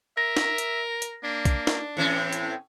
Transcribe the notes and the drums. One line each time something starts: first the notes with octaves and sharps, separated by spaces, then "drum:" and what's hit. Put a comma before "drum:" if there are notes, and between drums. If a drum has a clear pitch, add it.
A#4 E5 A#6
drum: snare
drum: hi-hat
drum: hi-hat
A#3 D4
drum: kick B1, hi-hat
drum: snare
A2 E3 C4 C#4
drum: hi-hat